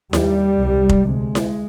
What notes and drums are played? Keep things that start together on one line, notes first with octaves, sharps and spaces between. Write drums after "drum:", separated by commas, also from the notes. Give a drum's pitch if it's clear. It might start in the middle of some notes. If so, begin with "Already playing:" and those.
D#2 G3, drum: snare E4
C2 A#2
drum: kick F1
D2 C3 G#3
drum: snare E4